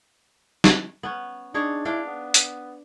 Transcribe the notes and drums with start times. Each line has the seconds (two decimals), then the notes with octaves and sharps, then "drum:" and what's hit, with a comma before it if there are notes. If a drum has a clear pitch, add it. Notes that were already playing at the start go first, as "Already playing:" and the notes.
0.64 drum: snare
1.03 B3 C#4
1.54 D4 D#4 G#4 C#5
1.85 D4 E4 F5 G5
2.06 B3
2.34 drum: hi-hat